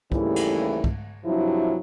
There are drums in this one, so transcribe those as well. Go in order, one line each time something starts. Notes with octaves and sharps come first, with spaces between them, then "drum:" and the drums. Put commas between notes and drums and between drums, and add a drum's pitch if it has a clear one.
D#2 C#3 E3 G3 A3 E4, drum: kick
drum: cymbal
drum: kick
G2 C3 F3 F#3 E4